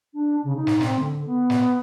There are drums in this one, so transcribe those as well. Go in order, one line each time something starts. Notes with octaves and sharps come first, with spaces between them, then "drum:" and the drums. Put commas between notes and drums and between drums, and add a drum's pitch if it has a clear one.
D4
C#3
D#4
drum: snare
C4, drum: snare
D3
B3
drum: snare